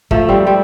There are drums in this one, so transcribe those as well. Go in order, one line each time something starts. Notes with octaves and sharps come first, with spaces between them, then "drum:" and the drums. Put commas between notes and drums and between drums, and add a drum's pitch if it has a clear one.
F3 A3, drum: kick
G3 C4
G3 C4